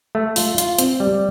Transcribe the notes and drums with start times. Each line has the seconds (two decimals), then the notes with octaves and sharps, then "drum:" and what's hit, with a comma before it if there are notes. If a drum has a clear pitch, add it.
0.15 A3
0.36 F4, drum: open hi-hat
0.58 F4, drum: hi-hat
0.78 C4, drum: hi-hat
1.00 G3